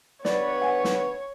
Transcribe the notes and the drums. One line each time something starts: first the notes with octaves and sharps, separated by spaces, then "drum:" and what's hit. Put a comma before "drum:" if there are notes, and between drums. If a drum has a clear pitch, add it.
G2 B3 B4 C#5 D5, drum: snare
F#5 G#5
drum: snare